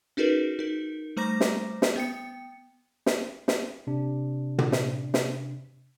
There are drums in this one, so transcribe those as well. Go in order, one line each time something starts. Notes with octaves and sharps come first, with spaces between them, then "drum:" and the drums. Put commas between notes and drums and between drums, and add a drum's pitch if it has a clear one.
C#4 D#4 F#4 G#4 A#4 B4
D#4 A#4
G3 A3 C5 A#5 D6 A#6
drum: snare
drum: snare
B3 G5 C#7
drum: snare
drum: snare
C3 D4
drum: tom
drum: snare
drum: snare